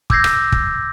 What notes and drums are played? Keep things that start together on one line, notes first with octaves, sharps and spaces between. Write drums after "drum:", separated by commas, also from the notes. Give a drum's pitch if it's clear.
D6 E6 G6 G#6 A#6 C7, drum: kick
drum: rim click
drum: kick